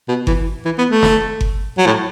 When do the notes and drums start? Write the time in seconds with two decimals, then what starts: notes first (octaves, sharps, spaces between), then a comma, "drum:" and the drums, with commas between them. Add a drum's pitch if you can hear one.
0.08 B2
0.27 E3, drum: kick G1
0.65 E3
0.78 B3
0.90 A3
1.03 drum: snare
1.41 drum: kick G1
1.78 F#3
1.86 A2